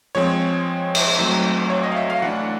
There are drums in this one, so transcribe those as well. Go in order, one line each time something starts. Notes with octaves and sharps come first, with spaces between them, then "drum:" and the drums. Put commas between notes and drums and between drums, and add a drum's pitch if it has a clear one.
F3 G#3 C4 C#5
drum: cymbal
F#3 A3 C4 D#4
C#5
D#5
F5
E5
F5
E3 A3 D4 F#5